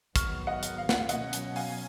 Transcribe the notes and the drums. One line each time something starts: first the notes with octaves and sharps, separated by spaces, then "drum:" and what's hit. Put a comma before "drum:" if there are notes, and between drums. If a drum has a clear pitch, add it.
G#2 D#3 F#3 B3 C#6 F6, drum: kick, hi-hat
D#5 F#5
drum: hi-hat
F5
F#5, drum: snare
F5
B2 F#3 C#4 D#5 F#5, drum: hi-hat
drum: hi-hat
F5 G#5, drum: open hi-hat